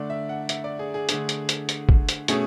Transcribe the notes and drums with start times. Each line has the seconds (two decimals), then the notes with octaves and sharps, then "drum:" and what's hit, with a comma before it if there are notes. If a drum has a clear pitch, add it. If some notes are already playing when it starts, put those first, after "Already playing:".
Already playing: D3 A3 D4 D5
0.10 E5
0.29 F#5
0.49 E5, drum: hi-hat
0.64 D5
0.79 G#4
0.94 G#4
1.09 D3 A3 D4 G#4, drum: hi-hat
1.29 drum: hi-hat
1.49 drum: hi-hat
1.69 drum: hi-hat
1.89 drum: kick
2.09 drum: hi-hat
2.28 B2 A3 C#4 G#4, drum: hi-hat